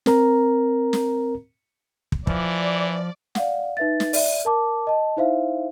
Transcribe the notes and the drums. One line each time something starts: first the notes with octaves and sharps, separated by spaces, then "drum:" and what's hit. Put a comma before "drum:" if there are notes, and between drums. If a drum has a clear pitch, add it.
C4 A#4 A#5, drum: snare
drum: snare
drum: kick
E3 F3 D5, drum: kick
D5 F5 F#5, drum: snare
D#4 B4 E5 A6
drum: snare
D5 E5, drum: open hi-hat
A#4 A5 D6
D#5 A5
D#4 E4 C5 E5 F5